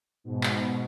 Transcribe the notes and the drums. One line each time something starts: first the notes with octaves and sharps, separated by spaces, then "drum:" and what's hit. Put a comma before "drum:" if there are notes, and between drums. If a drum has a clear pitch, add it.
G#2 B2
drum: clap